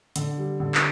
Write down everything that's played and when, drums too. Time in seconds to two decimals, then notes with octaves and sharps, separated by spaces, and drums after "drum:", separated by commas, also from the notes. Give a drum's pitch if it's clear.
0.16 D3, drum: hi-hat
0.38 G3
0.60 D3
0.75 drum: clap